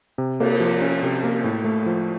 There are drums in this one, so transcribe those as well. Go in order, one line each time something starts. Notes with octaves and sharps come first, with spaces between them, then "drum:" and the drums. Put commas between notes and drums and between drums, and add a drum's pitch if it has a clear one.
C3
A#3, drum: cymbal
F3
C#4
C3
A#3
A2
A3
F3